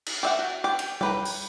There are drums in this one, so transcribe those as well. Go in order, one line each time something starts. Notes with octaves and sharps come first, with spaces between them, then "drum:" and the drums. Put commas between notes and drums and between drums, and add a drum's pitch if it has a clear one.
drum: cymbal
G4 E5 F#5
F#4
G4
drum: cymbal
G4 B4 A#5, drum: tom G3
drum: open hi-hat